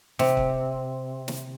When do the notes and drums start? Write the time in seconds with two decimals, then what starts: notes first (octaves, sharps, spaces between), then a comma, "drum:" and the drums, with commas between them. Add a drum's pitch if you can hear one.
0.19 C3, drum: snare
0.37 drum: kick
1.28 drum: snare